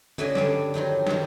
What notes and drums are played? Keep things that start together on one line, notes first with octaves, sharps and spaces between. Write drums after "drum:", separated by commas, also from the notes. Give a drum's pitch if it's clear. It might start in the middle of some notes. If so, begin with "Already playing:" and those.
D3 A3 C#4 F#4 D#5 G#5, drum: tom C#3
G2 G3 D4, drum: snare
G2 D#3 F3 F#3
G2 D#3, drum: snare